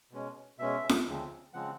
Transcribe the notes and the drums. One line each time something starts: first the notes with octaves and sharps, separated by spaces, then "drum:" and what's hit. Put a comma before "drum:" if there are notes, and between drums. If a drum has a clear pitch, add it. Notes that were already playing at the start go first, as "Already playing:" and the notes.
B2 G#3 C#4
B2 G#3 C#4 E5
drum: snare F4
D2 C#3 F3 G#3 C4
C#3 F3 G#3 C4 F#5